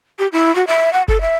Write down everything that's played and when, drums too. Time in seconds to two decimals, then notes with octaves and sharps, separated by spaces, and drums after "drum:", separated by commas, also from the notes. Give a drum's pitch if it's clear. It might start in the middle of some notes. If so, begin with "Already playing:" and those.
0.19 G4
0.32 E4
0.55 F#4
0.67 E5
0.93 F#5
1.08 A4, drum: kick F#1
1.21 E5